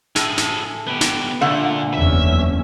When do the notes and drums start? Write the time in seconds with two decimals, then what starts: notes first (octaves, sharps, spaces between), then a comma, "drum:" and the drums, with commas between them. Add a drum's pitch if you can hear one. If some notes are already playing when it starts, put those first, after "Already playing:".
0.16 A2 G#4 A4, drum: snare
0.38 drum: snare
0.87 B3 G4
1.01 drum: snare
1.41 A#2 D3 A3 F#5
1.94 F#1 E2 C#4 E5